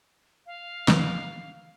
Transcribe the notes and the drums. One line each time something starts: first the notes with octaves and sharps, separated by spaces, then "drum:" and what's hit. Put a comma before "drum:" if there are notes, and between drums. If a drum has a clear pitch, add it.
F5
drum: snare